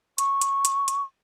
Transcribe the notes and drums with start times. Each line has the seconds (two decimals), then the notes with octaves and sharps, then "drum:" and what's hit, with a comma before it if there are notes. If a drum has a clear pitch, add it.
0.18 C#6, drum: hi-hat
0.41 drum: hi-hat
0.65 drum: hi-hat
0.88 drum: hi-hat